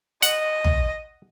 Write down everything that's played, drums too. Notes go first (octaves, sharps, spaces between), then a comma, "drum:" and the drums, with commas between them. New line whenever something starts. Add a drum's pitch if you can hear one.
D#5 F#5, drum: hi-hat
drum: tom